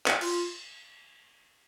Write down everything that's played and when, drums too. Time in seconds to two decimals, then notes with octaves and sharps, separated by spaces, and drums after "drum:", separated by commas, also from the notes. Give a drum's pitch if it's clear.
0.06 drum: clap
0.21 F4, drum: cymbal